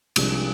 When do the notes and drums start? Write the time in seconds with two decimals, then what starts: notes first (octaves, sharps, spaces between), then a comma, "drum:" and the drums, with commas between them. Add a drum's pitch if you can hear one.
0.16 C2 C3 F3 G#3 D4, drum: cymbal